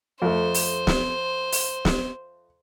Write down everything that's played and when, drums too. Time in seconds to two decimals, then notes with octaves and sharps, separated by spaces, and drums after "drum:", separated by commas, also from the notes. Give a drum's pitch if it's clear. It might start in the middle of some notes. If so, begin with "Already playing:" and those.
0.22 F2 A3 C5
0.54 drum: open hi-hat
0.87 drum: snare
1.52 drum: open hi-hat
1.85 drum: snare